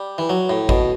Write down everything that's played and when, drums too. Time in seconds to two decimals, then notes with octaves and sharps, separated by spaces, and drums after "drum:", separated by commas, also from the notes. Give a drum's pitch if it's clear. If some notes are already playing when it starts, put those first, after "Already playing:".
Already playing: G3
0.18 E3
0.30 F#3
0.49 A2
0.69 B2, drum: kick G#1